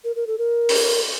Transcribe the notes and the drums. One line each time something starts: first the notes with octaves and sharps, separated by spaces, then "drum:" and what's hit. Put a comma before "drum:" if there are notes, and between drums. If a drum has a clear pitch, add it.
A#4
A#4
A4
A#4
drum: open hi-hat